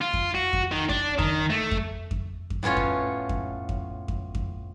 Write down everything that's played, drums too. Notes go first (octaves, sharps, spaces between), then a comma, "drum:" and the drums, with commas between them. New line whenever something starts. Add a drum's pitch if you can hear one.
F4
drum: kick F2
F#4
drum: kick F2
D#3
D4, drum: kick F2
D#3, drum: kick F2
A3
drum: kick F2
drum: kick F2
drum: kick F2
A2 B3 C#4 F4 C#5
drum: kick F2
drum: kick F2
drum: kick F2
drum: kick F2
drum: kick F2